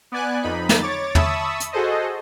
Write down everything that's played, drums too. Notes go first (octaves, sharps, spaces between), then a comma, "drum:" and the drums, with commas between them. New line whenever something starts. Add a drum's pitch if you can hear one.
B3 D5 G#5 F#6
F2 D#4 B5
drum: snare
C#5 D6 A6
E5 A5 B5 C#6 D#6 E6, drum: tom
drum: hi-hat
F#4 G#4 A4 C5 D#5